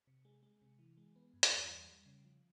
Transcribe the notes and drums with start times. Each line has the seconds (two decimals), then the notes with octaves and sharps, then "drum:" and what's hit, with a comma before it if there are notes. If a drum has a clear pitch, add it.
0.07 C3
0.25 G#3
0.43 G#3
0.62 C3
0.79 E3
0.97 G#3
1.16 B3
1.33 G2
1.43 drum: hi-hat
1.52 E2
1.71 G3
1.89 G3
2.06 C#3
2.25 F3